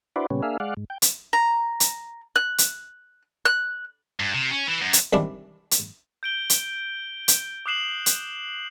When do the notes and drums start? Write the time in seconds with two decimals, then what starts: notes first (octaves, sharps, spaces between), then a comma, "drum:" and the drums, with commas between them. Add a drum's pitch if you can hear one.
0.16 D4 E4 F#4 B4 C5 D5
0.30 A#2 C#3 G3 B3 C#4
0.43 A#3 D4 G#4 E5 F5
0.60 G#3 D5 F5 F#5
0.77 G#2
0.90 G5
1.02 drum: hi-hat
1.33 A#5
1.80 drum: hi-hat
2.36 F#6
2.58 drum: hi-hat
3.45 F#6
4.20 G2
4.34 C3
4.51 C#4
4.67 E3
4.81 F#2
4.93 drum: hi-hat
5.13 C2 D#3 E3 D4 E4 A5
5.71 drum: hi-hat
6.23 G6 D7 G7
6.50 drum: hi-hat
7.28 drum: hi-hat
7.66 D6 D#6 F#6 C7 E7 F#7
8.06 drum: hi-hat